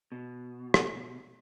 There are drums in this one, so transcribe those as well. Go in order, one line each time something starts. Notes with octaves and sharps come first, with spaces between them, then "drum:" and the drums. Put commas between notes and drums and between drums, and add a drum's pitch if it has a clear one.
B2
drum: rim click